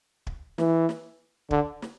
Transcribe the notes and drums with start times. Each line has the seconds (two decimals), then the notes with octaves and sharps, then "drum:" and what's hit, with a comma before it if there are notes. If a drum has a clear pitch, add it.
0.27 drum: kick
0.58 E3, drum: snare
0.89 drum: snare
1.51 D3, drum: kick
1.82 drum: snare